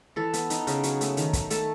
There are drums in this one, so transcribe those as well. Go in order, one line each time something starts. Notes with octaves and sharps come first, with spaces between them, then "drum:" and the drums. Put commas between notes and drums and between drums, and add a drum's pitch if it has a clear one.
E3 A4
B3, drum: hi-hat
D#4, drum: hi-hat
C#3, drum: hi-hat
F#3, drum: hi-hat
A3, drum: hi-hat
D#3, drum: hi-hat
D#3, drum: kick, hi-hat
A3 A4, drum: hi-hat